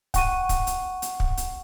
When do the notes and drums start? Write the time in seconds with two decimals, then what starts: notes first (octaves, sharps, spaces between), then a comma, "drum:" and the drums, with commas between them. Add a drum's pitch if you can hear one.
0.14 F#5 G5 C#6 D#7, drum: kick, hi-hat
0.49 drum: kick, hi-hat
0.67 drum: hi-hat
1.02 drum: hi-hat
1.20 drum: kick
1.37 drum: hi-hat